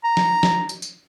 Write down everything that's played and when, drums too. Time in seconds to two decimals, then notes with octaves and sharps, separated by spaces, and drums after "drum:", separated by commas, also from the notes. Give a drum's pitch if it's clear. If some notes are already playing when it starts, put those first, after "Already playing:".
0.04 A#5
0.17 drum: snare
0.43 drum: snare
0.69 drum: tambourine
0.82 drum: tambourine